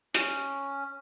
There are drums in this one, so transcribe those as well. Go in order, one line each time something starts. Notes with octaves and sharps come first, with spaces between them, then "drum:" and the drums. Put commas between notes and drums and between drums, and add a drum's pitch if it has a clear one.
C#4, drum: hi-hat